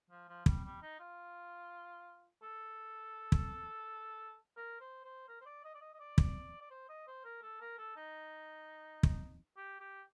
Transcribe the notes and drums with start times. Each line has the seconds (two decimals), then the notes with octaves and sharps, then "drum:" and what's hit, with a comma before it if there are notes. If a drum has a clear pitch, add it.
0.10 F3
0.29 F3
0.46 G3, drum: kick
0.65 G3
0.82 D#4
1.00 F4
2.43 A4
3.32 drum: kick
4.57 A#4
4.80 C5
5.04 C5
5.28 A#4
5.41 C5
5.46 D5
5.64 D#5
5.75 D5
5.81 D#5
5.94 D#5
6.00 D5
6.18 drum: kick
6.61 D5
6.71 C5
6.89 D#5
7.07 C5
7.25 A#4
7.42 A4
7.61 A#4
7.78 A4
7.97 D#4
9.03 drum: kick
9.57 G4
9.80 G4